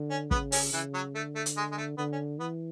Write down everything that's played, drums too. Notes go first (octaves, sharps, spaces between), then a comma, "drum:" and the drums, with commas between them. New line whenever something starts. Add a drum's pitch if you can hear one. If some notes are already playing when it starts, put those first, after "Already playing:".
Already playing: D3
C#4
C#3 B3, drum: kick
C#4, drum: open hi-hat
C#3 E3
F#3
D3 A3
A3
drum: hi-hat
G#3
G#3
A3
D3 B3
C#4
E3 B3